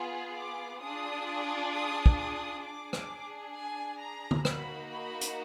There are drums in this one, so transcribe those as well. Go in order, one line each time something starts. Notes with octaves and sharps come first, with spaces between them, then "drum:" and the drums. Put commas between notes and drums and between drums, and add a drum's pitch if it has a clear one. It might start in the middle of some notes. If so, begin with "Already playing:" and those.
Already playing: B3 F4 G#4
D6
D4 F4 G#4 D#6
D#6
drum: kick
D#6
D4 G#4 D6
D6, drum: rim click
G#5
A#5
drum: tom D3
A#3 D#4 F#4 B5, drum: rim click
B5
drum: hi-hat